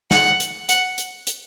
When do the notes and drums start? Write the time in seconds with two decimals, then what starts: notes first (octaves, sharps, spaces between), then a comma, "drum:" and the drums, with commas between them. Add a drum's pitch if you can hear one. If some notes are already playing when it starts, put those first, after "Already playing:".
0.11 F#5, drum: snare
0.40 drum: hi-hat
0.69 F#5, drum: hi-hat
0.98 drum: hi-hat
1.27 drum: hi-hat